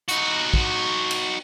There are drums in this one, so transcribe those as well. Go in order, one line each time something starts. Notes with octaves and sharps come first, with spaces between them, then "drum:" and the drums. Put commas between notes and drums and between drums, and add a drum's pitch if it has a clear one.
D#4 F#4, drum: hi-hat
drum: kick
drum: cymbal